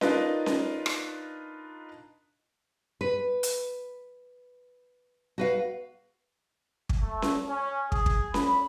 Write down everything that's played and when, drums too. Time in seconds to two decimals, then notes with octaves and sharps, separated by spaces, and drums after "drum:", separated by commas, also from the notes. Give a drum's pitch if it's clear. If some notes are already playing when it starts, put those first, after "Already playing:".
0.01 D4 D#4 F4 A#4 B4 D#5, drum: snare C#4
0.46 drum: snare C#4
0.86 drum: rim click
3.01 B4
3.43 drum: hi-hat
5.38 F#4 B4 F5
6.89 drum: kick
7.02 A3
7.22 drum: snare C#4
7.49 C#4
7.92 G#4, drum: kick
8.06 drum: kick
8.34 B5, drum: snare C#4